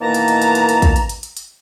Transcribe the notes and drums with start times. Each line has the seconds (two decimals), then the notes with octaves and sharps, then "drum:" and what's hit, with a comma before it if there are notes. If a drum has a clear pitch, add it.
0.01 B2 D#3 E3 A#3 A5 A#5
0.14 drum: hi-hat
0.28 drum: hi-hat
0.42 drum: hi-hat
0.55 drum: hi-hat
0.69 drum: hi-hat
0.82 drum: kick, hi-hat
0.96 drum: hi-hat
1.09 drum: hi-hat
1.23 drum: hi-hat
1.37 drum: hi-hat